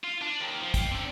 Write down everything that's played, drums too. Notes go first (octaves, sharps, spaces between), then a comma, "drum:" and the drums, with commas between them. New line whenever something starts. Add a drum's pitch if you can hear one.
F4
D4
D#2 D#3
F3
F5 G5, drum: kick, hi-hat
D3 C4